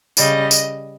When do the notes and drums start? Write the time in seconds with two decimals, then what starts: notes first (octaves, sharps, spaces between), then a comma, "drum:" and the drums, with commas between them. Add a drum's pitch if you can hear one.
0.17 C#3 G3 D#5, drum: tambourine
0.51 drum: tambourine